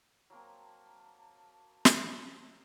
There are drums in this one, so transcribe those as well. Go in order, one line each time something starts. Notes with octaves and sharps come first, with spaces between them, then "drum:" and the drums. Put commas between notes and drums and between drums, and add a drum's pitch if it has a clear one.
F#3 A#3 C4 A5
drum: snare